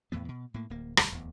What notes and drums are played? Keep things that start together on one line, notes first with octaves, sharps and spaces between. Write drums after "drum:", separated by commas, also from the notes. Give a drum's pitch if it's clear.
E2 A2 E3 B3
B2
A2 A#3
D1 A#3
E1 D2 C3 G3, drum: rim click
D1 E2